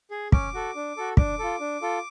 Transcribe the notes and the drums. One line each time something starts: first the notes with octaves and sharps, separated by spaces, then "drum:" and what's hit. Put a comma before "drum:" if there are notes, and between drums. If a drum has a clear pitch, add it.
G#4
C#4 D6, drum: kick
F#4 A4
D4
F#4 A4
D4 D6, drum: kick
F4 A4
D4
F4 A4